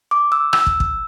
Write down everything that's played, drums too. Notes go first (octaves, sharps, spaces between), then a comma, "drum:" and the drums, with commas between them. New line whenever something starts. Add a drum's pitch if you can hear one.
D6
E6
E6, drum: rim click
drum: kick
drum: kick